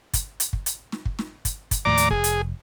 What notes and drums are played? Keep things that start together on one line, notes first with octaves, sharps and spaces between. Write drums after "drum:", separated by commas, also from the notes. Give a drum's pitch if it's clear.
drum: kick, hi-hat
drum: hi-hat
drum: kick
drum: hi-hat
drum: snare
drum: kick
drum: snare
drum: kick, hi-hat
drum: kick, hi-hat
D#2 A2 F3 D5 A#5 D6
drum: hi-hat
F1 G#4, drum: kick
drum: hi-hat